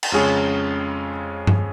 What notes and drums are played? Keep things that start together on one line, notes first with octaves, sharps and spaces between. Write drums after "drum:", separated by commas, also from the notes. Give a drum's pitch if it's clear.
drum: cymbal
F2 C#3 G#3 C#4 G#4
drum: tom G2